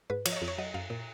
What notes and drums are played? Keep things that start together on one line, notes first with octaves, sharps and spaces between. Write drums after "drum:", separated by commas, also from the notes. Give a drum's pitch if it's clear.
G#2 B4
F3 C#5, drum: cymbal
D#5
C#5
F2
C#5
F#3 D#5
F#2 F5
A#2